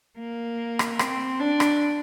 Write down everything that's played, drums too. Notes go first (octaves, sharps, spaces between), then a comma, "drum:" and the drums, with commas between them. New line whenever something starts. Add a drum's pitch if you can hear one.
A#3
drum: rim click
C4, drum: rim click
D4
drum: rim click